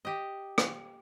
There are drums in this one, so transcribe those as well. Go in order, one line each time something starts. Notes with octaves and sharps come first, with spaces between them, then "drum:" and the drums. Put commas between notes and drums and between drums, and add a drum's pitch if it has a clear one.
G4 D#5
drum: rim click